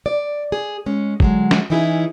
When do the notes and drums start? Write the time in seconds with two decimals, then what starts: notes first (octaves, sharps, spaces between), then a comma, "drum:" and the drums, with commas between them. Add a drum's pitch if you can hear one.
0.06 D5
0.52 G#4
0.86 G#3 C#4
1.20 D3 F#3 G#3, drum: kick
1.51 drum: snare
1.70 E3 C#4 D#4 E4 G4 G#4